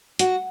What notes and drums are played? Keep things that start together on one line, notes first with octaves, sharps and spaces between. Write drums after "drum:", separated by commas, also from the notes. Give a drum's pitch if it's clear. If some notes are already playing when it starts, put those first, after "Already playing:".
F#4, drum: hi-hat